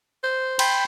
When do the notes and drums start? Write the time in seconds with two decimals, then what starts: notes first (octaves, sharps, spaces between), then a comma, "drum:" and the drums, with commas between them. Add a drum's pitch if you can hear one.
0.24 C5
0.59 G5 B5 C6, drum: cymbal